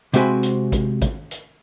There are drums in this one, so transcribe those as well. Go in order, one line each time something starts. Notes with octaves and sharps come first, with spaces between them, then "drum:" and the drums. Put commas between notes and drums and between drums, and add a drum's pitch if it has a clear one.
C3 G#3 C4 F#4 G#5 B5, drum: hi-hat
drum: hi-hat
drum: kick, hi-hat
drum: kick, hi-hat
drum: hi-hat